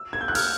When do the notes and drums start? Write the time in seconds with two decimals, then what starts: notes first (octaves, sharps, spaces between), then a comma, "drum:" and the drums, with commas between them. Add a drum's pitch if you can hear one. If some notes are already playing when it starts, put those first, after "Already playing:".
Already playing: E6
0.13 G#6
0.21 G6
0.28 F#6
0.35 F6, drum: open hi-hat